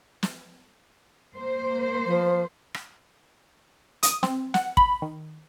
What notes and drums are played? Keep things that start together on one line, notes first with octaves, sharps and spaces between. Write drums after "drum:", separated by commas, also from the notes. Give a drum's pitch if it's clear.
drum: snare
A#3 C5
F3
drum: rim click
D#6, drum: hi-hat
C4, drum: snare
F#5, drum: snare
B5, drum: kick
D#3